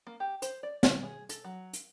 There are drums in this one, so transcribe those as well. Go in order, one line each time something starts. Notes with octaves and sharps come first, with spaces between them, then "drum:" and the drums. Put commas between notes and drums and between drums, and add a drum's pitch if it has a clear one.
A#3
G4
C5, drum: hi-hat
D5
E4, drum: snare
G#4
A4, drum: hi-hat
F#3
drum: hi-hat